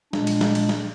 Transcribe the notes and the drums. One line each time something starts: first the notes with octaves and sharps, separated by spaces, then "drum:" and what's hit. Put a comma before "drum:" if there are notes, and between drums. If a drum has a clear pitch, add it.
A#2 G#3 D4, drum: snare
drum: cymbal
drum: snare
drum: cymbal
drum: snare